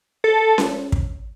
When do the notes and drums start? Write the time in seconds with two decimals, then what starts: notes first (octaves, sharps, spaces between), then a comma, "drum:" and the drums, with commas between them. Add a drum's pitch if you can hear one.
0.24 A4
0.58 drum: snare C#4
0.92 drum: kick